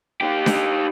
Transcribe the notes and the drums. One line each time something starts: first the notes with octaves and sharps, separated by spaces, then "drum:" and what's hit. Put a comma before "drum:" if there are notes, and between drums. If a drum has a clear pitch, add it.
D#4 G4
drum: snare D4